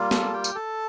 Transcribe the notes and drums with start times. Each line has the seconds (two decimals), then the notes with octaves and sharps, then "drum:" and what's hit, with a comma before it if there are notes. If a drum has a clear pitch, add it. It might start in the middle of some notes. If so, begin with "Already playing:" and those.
Already playing: G3 A#3 F4
0.11 A4 A5, drum: snare
0.33 G4 G5
0.44 drum: tambourine
0.55 A4 A5